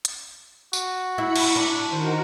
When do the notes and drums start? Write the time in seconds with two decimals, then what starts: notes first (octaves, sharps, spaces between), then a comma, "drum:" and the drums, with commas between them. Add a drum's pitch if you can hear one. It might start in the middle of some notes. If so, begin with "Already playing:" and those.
0.05 drum: hi-hat
0.73 F#4, drum: tambourine
1.18 E4 B5 C#7
1.36 drum: cymbal
1.56 D4
1.90 D#3 F#4 A#4 C5